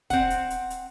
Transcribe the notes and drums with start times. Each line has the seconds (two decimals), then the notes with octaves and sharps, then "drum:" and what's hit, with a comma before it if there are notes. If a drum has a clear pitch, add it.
0.10 C4 F#5, drum: kick, hi-hat
0.30 drum: hi-hat
0.50 drum: hi-hat
0.70 drum: hi-hat